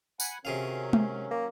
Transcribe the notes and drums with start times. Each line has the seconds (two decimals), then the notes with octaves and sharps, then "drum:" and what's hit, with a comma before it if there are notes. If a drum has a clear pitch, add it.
0.20 F#5 G#5 B5, drum: tambourine
0.45 C3 D#3 F#3 C#4 G#4 F5
0.93 drum: tom G#3
1.31 A#3